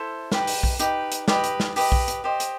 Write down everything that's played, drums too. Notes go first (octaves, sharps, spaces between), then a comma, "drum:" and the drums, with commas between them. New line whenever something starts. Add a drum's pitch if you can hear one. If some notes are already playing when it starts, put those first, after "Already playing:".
Already playing: E4 A4 C5
D#4 G4 B4, drum: snare
drum: open hi-hat
drum: kick B1
D#4 G4 B4, drum: hi-hat
drum: hi-hat
G4 B4 D#5, drum: snare
drum: hi-hat
drum: snare
G4 B4 D#5, drum: open hi-hat
drum: kick B1
drum: hi-hat
G4 C5 D#5
drum: hi-hat